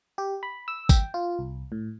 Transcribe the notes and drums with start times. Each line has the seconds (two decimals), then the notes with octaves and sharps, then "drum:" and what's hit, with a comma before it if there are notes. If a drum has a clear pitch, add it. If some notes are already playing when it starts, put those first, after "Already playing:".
0.18 G4
0.43 B5
0.68 E6
0.89 G5, drum: kick G#1, tambourine
1.14 F4
1.39 C2
1.72 A2